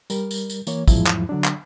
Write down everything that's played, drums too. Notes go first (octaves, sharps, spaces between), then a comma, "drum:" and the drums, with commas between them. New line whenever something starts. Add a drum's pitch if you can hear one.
G3 A#4, drum: tambourine
drum: tambourine
drum: tambourine
E3 A#3 C#5, drum: tambourine
E2 G#2 F3 F#3 E4, drum: kick, tambourine
drum: clap
D3 F#3 D4
drum: clap